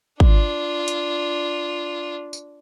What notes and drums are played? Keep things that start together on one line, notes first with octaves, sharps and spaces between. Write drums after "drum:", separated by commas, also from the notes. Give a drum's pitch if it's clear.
D4 F4, drum: kick
drum: hi-hat
drum: tambourine